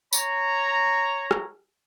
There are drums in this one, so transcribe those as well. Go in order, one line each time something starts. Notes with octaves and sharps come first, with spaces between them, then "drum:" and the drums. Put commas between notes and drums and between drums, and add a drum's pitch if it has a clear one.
C#5 A#5, drum: tambourine
drum: rim click